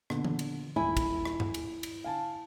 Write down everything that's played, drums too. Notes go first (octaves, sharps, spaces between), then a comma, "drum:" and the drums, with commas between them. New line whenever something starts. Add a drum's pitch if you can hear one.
A#2 D3 B3, drum: rim click
drum: tom E3
drum: cymbal
D#1 E4 G#5
drum: kick, cymbal
drum: rim click
drum: tom G2
drum: cymbal
drum: cymbal
F5 G#5 A5